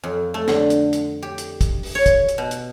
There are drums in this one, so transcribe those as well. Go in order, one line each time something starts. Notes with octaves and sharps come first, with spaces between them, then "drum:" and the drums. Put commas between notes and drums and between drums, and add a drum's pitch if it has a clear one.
F2
A3
D3, drum: snare
drum: hi-hat
drum: hi-hat
G4
drum: hi-hat
drum: kick, hi-hat
drum: open hi-hat
C#5
drum: kick, hi-hat
drum: hi-hat
B2
drum: hi-hat